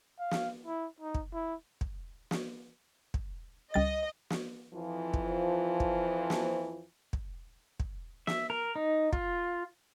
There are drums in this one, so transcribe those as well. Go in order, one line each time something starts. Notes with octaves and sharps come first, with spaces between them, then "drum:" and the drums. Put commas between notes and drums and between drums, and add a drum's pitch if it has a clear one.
F5
drum: snare
E4
D#4
drum: kick
E4
drum: kick
drum: snare
drum: kick
C#2 G3 D#5 A6
drum: snare
F2 E3 F3
drum: kick
drum: kick
drum: snare
drum: kick
drum: kick
E5, drum: snare
A#4
D#4
F4, drum: kick